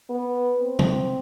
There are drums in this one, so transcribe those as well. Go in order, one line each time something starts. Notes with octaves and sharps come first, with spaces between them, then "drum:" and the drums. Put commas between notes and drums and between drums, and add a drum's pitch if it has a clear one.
B3
C4
drum: tom